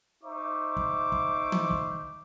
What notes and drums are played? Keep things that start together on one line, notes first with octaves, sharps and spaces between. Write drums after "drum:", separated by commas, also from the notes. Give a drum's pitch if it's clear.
D#4 C5 E5 C#6 D6
drum: kick
drum: kick
drum: tom D#3
drum: kick